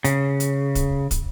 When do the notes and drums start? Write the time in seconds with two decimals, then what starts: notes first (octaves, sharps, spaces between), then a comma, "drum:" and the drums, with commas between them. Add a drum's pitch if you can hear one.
0.04 C#3, drum: hi-hat
0.40 drum: hi-hat
0.75 drum: kick, hi-hat
1.11 drum: kick, hi-hat